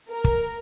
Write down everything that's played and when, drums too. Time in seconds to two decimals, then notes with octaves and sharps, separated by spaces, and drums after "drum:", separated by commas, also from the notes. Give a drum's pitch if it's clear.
0.10 A#4
0.24 drum: kick